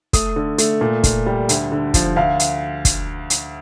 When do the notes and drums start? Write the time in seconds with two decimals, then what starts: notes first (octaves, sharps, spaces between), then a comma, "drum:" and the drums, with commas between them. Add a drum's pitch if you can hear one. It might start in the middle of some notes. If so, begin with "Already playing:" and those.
0.13 A3 D#6, drum: kick, hi-hat
0.36 D3
0.58 A3, drum: hi-hat
0.81 A#2
1.04 A#2, drum: kick, hi-hat
1.26 G3
1.49 D2, drum: hi-hat
1.72 D3
1.94 F3, drum: kick, hi-hat
2.16 D2 F5
2.40 drum: hi-hat
2.85 drum: kick, hi-hat
3.30 drum: hi-hat